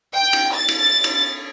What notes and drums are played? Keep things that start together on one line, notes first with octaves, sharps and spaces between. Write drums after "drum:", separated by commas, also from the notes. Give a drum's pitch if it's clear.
G5
drum: cymbal
A6
drum: cymbal
drum: cymbal